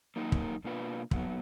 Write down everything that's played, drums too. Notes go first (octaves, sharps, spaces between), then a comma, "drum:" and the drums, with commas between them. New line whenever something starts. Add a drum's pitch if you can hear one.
F#3 A#3 D#4 A#4
drum: kick
B2 A#3 D4 F4 B4
A#2 F#3 B3, drum: kick